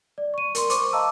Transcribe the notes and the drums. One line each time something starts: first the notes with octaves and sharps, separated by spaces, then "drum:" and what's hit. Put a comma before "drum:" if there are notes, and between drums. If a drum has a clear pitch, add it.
D5
C#6 D#7
A#4 C6, drum: hi-hat
C5 C#6 D6, drum: hi-hat
D#5 F5 A5 A#5 D6 E6